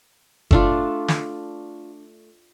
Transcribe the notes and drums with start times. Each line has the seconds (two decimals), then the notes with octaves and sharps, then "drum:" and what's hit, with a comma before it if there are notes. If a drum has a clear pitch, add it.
0.51 A3 D4 F4, drum: kick F#1
1.08 drum: snare